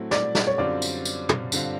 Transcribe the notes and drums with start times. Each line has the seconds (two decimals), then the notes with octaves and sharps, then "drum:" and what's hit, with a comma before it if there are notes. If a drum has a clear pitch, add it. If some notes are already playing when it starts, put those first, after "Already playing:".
Already playing: A2 F#3 A3 C4 E4
0.11 D5, drum: snare
0.35 drum: snare
0.47 C#5
0.58 F#2 D3 G3 C4 F4 D5
0.82 drum: tambourine
1.05 drum: tambourine
1.29 drum: tom
1.52 G2 D3 G3 C4 F4, drum: tambourine